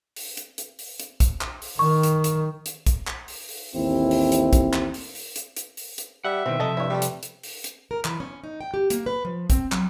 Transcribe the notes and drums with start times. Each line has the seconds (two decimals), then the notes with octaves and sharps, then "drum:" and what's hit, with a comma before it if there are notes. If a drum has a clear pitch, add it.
0.16 drum: open hi-hat
0.37 drum: hi-hat
0.58 drum: hi-hat
0.79 drum: open hi-hat
1.00 drum: hi-hat
1.20 drum: kick, hi-hat
1.41 drum: clap
1.62 drum: open hi-hat
1.79 D#3 C#6
2.03 drum: hi-hat
2.24 drum: hi-hat
2.66 drum: hi-hat
2.86 drum: kick, hi-hat
3.07 drum: clap
3.28 drum: open hi-hat
3.49 drum: open hi-hat
3.74 A1 D#2 C4 E4
4.11 drum: open hi-hat
4.32 drum: hi-hat
4.53 drum: kick, hi-hat
4.73 drum: clap
4.94 drum: open hi-hat
5.15 drum: open hi-hat
5.36 drum: hi-hat
5.57 drum: hi-hat
5.77 drum: open hi-hat
5.98 drum: hi-hat
6.24 G3 E5 F#5
6.46 B2 D#3 E3 C4
6.60 C3 F3 A4 D#5 A5 A#5
6.77 G2 E4 C#5
6.90 G3 A3 G4 B4
7.02 drum: hi-hat
7.23 drum: hi-hat
7.43 drum: open hi-hat
7.64 drum: hi-hat
7.91 A#4
8.05 E3, drum: clap
8.20 C#4
8.44 D#4
8.61 G5
8.74 G4
8.90 A#3, drum: hi-hat
9.06 B4
9.25 F3
9.50 C4, drum: kick, hi-hat
9.72 F#3, drum: clap